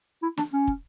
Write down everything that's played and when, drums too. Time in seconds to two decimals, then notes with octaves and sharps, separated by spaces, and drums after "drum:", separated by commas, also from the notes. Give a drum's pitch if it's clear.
0.22 E4
0.37 D4, drum: snare
0.53 C#4
0.67 drum: kick